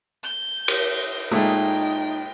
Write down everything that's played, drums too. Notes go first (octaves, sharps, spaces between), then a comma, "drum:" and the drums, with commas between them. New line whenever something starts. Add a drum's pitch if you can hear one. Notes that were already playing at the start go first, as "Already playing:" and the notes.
G6
drum: cymbal
A#2 G#3 A3 D#4 G5